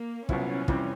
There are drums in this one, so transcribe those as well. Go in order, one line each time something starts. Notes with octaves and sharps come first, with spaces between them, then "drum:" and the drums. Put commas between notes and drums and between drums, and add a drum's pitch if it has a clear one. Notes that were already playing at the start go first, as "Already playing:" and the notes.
Already playing: A#3
C2 A#2 F#3 B3 C#4 E4, drum: kick
F2 C3 E3 G3 C4, drum: kick